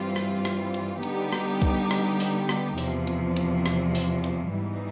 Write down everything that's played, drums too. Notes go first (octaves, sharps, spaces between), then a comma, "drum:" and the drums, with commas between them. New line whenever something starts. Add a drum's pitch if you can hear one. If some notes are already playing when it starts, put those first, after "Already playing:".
Already playing: G2 E3 G3 C4 F4
drum: rim click
drum: rim click
drum: hi-hat
D3 G3 B3 D#4 G4, drum: hi-hat
drum: rim click
drum: kick, hi-hat
drum: rim click
drum: open hi-hat
drum: rim click
E2 C3 F3, drum: open hi-hat
drum: hi-hat
drum: hi-hat
drum: rim click
drum: open hi-hat
drum: hi-hat
G#2 E3 G3 B3 D#4